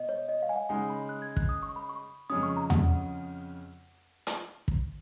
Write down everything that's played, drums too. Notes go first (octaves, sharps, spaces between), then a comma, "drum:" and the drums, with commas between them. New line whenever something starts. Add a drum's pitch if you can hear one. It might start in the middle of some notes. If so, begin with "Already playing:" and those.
Already playing: B2 D#5
C#5
D#5
F5
G#5
F#5
C#3 G#3 D#4 G#5
B5
F#6
G#6
F#6, drum: kick
D#6
C#6
B5
C#6
F2 C#3 G#3 C#4 D#6
C#6
A#5
F#5, drum: tom E2
drum: hi-hat
drum: kick